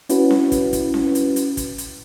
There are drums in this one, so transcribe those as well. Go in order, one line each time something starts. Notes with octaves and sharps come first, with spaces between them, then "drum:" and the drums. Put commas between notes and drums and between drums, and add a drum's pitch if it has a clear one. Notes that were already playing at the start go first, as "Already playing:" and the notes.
C#4 E4 F#4 B4, drum: hi-hat
drum: snare C4
drum: kick, hi-hat
drum: kick, hi-hat
drum: snare C4
drum: hi-hat
drum: hi-hat
drum: kick, hi-hat
drum: hi-hat